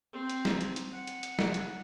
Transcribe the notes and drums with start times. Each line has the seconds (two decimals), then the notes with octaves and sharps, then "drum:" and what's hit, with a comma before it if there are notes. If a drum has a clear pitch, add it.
0.13 C4
0.30 drum: hi-hat
0.45 drum: snare
0.61 drum: hi-hat
0.76 drum: hi-hat
0.92 F#5
1.07 drum: hi-hat
1.23 drum: hi-hat
1.39 drum: snare
1.54 drum: hi-hat